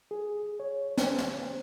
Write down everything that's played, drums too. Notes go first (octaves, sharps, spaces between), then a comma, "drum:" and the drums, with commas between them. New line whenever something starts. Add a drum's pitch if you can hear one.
G#4
C#5
C5, drum: snare
drum: snare